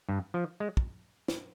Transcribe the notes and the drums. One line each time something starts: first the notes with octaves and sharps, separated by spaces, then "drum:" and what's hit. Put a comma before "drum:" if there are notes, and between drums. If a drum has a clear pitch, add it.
G2
F3
G#3
drum: kick
drum: snare